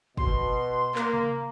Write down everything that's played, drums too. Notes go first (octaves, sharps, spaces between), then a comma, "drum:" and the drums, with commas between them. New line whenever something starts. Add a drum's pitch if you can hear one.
B2 C6, drum: kick
A#3, drum: clap
drum: tom C3